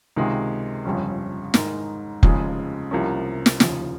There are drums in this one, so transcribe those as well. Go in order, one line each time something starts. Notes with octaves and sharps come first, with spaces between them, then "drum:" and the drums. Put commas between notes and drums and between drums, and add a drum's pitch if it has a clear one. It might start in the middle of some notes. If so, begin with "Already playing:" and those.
C#2 C3 D#3 G#3
G1 F2 C#3 G3 C#4
G#2 D#3 G#3 D#4 A#4, drum: snare
F1 D#2 C#3 F3 G#3, drum: kick F1
C2 C3 F3 A#3 C#4
drum: snare
F1 D#2 C#3 F3, drum: snare